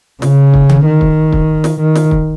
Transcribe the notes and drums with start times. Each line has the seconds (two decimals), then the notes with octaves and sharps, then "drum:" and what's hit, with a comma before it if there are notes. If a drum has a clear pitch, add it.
0.22 C#3, drum: snare
0.54 drum: kick
0.69 drum: tom D3
0.85 D#3
1.01 drum: kick
1.32 drum: kick
1.64 drum: snare
1.79 D#3
1.95 drum: snare
2.11 drum: kick